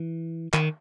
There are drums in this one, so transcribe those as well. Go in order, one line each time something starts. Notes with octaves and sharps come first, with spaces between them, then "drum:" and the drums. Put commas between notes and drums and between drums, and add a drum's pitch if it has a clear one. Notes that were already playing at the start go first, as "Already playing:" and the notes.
Already playing: E3
D#3, drum: clap